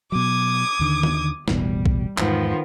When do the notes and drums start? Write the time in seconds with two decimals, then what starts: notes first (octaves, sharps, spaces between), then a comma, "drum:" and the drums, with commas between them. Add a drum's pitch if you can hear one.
0.12 B2 F#3 D6 D#6 G#6
0.79 D#2 D3 D#3
1.03 drum: tom D3
1.48 E1 A1 B2 G3, drum: snare
1.86 drum: kick A#1
2.18 E2 G#2 D#3 F3 B3, drum: clap